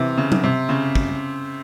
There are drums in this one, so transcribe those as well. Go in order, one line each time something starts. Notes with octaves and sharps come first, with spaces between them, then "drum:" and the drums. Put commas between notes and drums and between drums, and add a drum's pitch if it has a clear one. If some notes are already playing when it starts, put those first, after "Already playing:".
Already playing: C3 E3
C#3
drum: tom F#3
C3
C#3
drum: kick